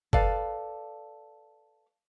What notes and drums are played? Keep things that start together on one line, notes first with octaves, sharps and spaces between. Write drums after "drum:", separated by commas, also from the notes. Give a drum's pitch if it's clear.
A4 B4 D5 F5, drum: kick F#1